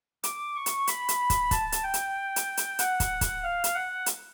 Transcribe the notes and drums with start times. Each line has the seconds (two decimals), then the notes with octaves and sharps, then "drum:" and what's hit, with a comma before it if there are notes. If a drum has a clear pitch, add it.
0.24 D6, drum: hi-hat
0.56 C#6
0.66 drum: hi-hat
0.87 B5, drum: hi-hat
1.09 drum: hi-hat
1.30 drum: kick, hi-hat
1.51 A5, drum: kick, hi-hat
1.72 drum: hi-hat
1.83 G5
1.94 drum: hi-hat
2.36 drum: hi-hat
2.57 drum: hi-hat
2.79 F#5, drum: hi-hat
3.00 drum: kick, hi-hat
3.21 drum: kick, hi-hat
3.43 F5
3.64 drum: hi-hat
3.74 F#5
4.06 drum: hi-hat